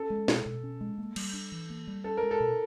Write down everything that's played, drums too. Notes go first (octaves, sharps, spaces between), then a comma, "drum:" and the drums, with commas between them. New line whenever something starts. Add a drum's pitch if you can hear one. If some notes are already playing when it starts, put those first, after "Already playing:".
Already playing: C#4 A4
G#3
B2, drum: snare
B2
C#4
G#3
A#3
G3, drum: cymbal
D4
E3
A#3
G3
C#4 A4
A#4
G#3
A4
B2